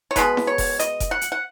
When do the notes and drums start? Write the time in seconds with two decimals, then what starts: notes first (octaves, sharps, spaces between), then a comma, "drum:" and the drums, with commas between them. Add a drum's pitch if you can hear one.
0.11 C#5
0.16 B2 G#3 B3 B4, drum: kick F1, hi-hat
0.37 drum: snare E4
0.47 C#5
0.58 drum: kick F1, open hi-hat
0.79 D#5, drum: hi-hat
1.00 drum: kick F1, hi-hat
1.11 F#5
1.21 drum: hi-hat
1.32 F#5